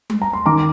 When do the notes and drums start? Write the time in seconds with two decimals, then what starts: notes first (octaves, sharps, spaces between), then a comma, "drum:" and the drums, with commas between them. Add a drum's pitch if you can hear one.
0.10 drum: tom G3
0.22 A#5
0.33 C6
0.46 D#3 A#5 D6